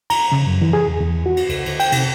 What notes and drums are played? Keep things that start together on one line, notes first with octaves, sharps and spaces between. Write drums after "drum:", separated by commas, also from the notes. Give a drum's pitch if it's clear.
A#5, drum: cymbal
C#3
F#2
E3
G#4
E2
E2
F#4
drum: cymbal
C#2, drum: cymbal
D2, drum: cymbal
G5, drum: cymbal
C3, drum: cymbal